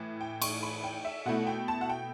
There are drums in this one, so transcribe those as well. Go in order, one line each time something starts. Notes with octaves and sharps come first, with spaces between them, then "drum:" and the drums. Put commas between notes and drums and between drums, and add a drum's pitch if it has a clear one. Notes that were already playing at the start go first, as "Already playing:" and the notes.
Already playing: A2 E3
G5
C#6, drum: cymbal
B5
G5
E5
B2 A3 E4 F#5
G5
A5
F#5
G5